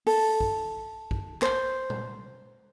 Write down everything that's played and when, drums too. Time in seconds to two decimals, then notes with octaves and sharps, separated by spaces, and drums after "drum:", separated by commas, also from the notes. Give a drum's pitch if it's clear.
0.07 A4, drum: open hi-hat
0.41 drum: kick
1.11 drum: kick
1.42 C5, drum: clap
1.90 drum: tom A#2